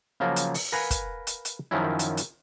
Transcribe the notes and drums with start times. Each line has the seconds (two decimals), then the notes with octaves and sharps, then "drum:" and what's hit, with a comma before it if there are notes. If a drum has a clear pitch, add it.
0.20 C#3 F3 F#3 A#3
0.36 drum: hi-hat
0.54 drum: open hi-hat
0.72 A#4 B4 F5 F#5 G#5 A#5
0.91 drum: kick, hi-hat
1.27 drum: hi-hat
1.45 drum: hi-hat
1.71 F#2 D#3 F3 F#3 C#4 E4
1.99 drum: hi-hat
2.17 drum: hi-hat